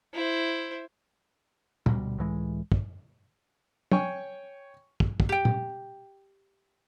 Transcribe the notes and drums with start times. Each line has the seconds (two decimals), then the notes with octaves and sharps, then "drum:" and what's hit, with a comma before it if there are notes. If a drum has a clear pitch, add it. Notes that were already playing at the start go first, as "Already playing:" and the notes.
0.14 E4 C5
1.86 D2 B2 G3, drum: tom
2.18 C#2 A2 E3 G#3
2.72 drum: kick
3.92 C#5 G5 G#5 C#6, drum: tom
5.00 drum: kick
5.20 drum: kick
5.29 G4 G5
5.45 drum: tom